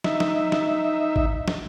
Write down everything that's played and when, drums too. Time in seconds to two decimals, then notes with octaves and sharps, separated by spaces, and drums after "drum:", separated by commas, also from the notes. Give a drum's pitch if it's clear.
0.04 D#4 E5, drum: snare
0.20 drum: snare
0.52 drum: snare
1.16 drum: kick G#1
1.48 drum: snare